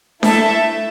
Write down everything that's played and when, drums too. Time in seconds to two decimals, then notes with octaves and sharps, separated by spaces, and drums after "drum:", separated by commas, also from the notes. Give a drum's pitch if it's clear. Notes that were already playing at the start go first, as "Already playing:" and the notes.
0.23 A3 E4 A4 E5, drum: snare D4